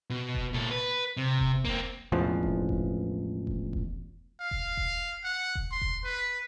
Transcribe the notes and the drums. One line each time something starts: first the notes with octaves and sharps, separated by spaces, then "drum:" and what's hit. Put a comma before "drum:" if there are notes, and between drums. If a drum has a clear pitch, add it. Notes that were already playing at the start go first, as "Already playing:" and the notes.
B2
drum: kick E1
A#2 A4
B4
C3
drum: kick E1
A#3 C4, drum: kick E1
E1 A1 E2 F3
drum: kick E1
drum: kick E1
drum: kick E1
drum: kick E1
F5
drum: kick E1
drum: kick E1
F#5
drum: kick E1
C6
drum: kick E1
B4